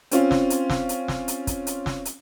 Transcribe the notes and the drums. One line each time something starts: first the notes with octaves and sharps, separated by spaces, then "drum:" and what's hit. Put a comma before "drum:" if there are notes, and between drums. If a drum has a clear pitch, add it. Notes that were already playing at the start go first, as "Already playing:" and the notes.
C4 C#4 F4, drum: hi-hat
drum: snare
drum: hi-hat
drum: snare
drum: hi-hat
drum: snare
drum: hi-hat
drum: kick, hi-hat
drum: hi-hat
drum: snare
drum: hi-hat